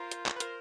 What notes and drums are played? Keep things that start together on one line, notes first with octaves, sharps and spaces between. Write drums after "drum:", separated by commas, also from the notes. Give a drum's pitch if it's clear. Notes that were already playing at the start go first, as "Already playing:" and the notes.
Already playing: F4 A#4 C5
drum: hi-hat
drum: clap
B4
A#4 C5, drum: hi-hat